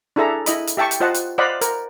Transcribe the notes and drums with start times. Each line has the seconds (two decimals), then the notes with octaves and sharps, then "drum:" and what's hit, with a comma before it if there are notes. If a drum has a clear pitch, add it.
0.16 D4 E4 G#4 A4 E5 A#5
0.46 E4 D#5 B5, drum: hi-hat
0.67 drum: hi-hat
0.77 G4 E5 G5 A5 C#6
0.91 drum: hi-hat
1.00 F4 C5 D#5 F#5 A5
1.14 drum: hi-hat
1.38 C5 D5 D#5 F5 F#5 B5
1.61 A#4, drum: hi-hat